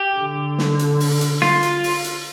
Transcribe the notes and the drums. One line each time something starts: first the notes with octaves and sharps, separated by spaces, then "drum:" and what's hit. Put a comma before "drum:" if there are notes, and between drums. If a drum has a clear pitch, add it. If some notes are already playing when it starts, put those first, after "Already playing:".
Already playing: G4
D3
drum: snare
drum: hi-hat
drum: open hi-hat
drum: hi-hat
F4, drum: snare
drum: hi-hat
drum: open hi-hat
drum: hi-hat